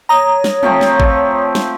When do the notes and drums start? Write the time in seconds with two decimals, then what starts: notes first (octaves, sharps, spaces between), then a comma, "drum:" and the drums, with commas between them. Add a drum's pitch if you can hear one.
0.09 C#5 A#5 D#6
0.44 drum: snare
0.63 F3 A3 C4, drum: tom
0.81 drum: snare
1.00 drum: kick G#1
1.55 drum: snare